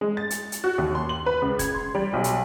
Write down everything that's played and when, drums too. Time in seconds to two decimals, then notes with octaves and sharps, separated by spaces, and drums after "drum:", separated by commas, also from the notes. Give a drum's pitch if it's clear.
0.01 G#3
0.17 A6
0.30 drum: hi-hat
0.52 drum: hi-hat
0.64 F#4
0.78 D#2
0.95 C6
1.09 F#7
1.26 B4
1.42 C#2
1.59 G#6, drum: kick, hi-hat
1.75 C6
1.95 G3
2.13 B1
2.24 drum: hi-hat